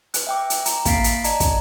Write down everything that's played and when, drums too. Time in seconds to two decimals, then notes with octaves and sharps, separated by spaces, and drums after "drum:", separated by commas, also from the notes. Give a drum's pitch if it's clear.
0.14 B4 F#6, drum: hi-hat
0.27 E5 G5 D6
0.50 drum: hi-hat
0.66 A#5, drum: hi-hat
0.85 A#3 F5 A6 B6 C7 D7, drum: kick, hi-hat
1.04 drum: hi-hat
1.24 D5 D#5 A5 A#5, drum: hi-hat
1.40 drum: kick, hi-hat